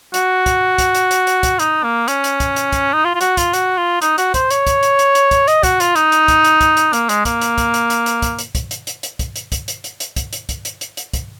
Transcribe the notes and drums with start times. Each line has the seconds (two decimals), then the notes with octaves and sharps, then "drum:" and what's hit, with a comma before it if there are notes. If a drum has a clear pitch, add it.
0.14 F#4, drum: hi-hat
0.46 drum: kick, hi-hat
0.78 drum: kick, hi-hat
0.95 drum: hi-hat
1.11 drum: hi-hat
1.27 drum: hi-hat
1.43 drum: kick, hi-hat
1.59 D#4, drum: hi-hat
1.84 A#3
2.08 C#4, drum: hi-hat
2.24 drum: hi-hat
2.40 drum: kick, hi-hat
2.56 drum: hi-hat
2.73 drum: kick, hi-hat
2.93 D#4
3.05 F4
3.15 F4
3.21 F#4, drum: hi-hat
3.37 F4, drum: kick, hi-hat
3.53 F#4, drum: hi-hat
3.78 F4
4.02 D#4, drum: hi-hat
4.18 F#4, drum: hi-hat
4.34 C5, drum: kick, hi-hat
4.51 C#5, drum: hi-hat
4.67 drum: kick, hi-hat
4.83 drum: hi-hat
4.99 drum: hi-hat
5.15 drum: hi-hat
5.31 drum: kick, hi-hat
5.48 D#5, drum: hi-hat
5.63 F#4, drum: kick, hi-hat
5.80 F4, drum: hi-hat
5.96 D#4, drum: hi-hat
6.12 drum: hi-hat
6.28 drum: kick, hi-hat
6.44 drum: hi-hat
6.61 drum: kick, hi-hat
6.77 drum: hi-hat
6.93 A#3, drum: hi-hat
7.09 G#3, drum: hi-hat
7.25 A#3, drum: kick, hi-hat
7.42 drum: hi-hat
7.58 drum: kick, hi-hat
7.74 drum: hi-hat
7.90 drum: hi-hat
8.06 drum: hi-hat
8.22 drum: kick, hi-hat
8.39 drum: hi-hat
8.55 drum: kick, hi-hat
8.71 drum: hi-hat
8.87 drum: hi-hat
9.03 drum: hi-hat
9.19 drum: kick, hi-hat
9.36 drum: hi-hat
9.52 drum: kick, hi-hat
9.68 drum: hi-hat
9.84 drum: hi-hat
10.00 drum: hi-hat
10.16 drum: kick, hi-hat
10.33 drum: hi-hat
10.49 drum: kick, hi-hat
10.65 drum: hi-hat
10.81 drum: hi-hat
10.97 drum: hi-hat
11.13 drum: kick, hi-hat